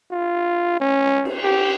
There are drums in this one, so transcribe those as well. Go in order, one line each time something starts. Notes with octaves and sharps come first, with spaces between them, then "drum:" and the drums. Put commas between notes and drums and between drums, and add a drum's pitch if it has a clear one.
F4
C#4
drum: cymbal
G4